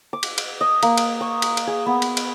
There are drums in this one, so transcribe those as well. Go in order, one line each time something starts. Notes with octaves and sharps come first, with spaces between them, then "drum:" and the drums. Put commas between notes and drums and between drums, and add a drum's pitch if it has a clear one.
D6
drum: cymbal
drum: cymbal
D#5
A#3, drum: cymbal
drum: cymbal
C#6
drum: cymbal
drum: cymbal
G#4
B3
drum: cymbal
drum: cymbal